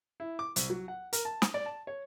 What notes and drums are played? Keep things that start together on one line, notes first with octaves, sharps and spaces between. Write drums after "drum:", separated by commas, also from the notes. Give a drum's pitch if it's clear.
E4
D6
C2, drum: hi-hat
F#3
F#5
A#4, drum: hi-hat
A5
D#6, drum: snare
D5
A5
C#5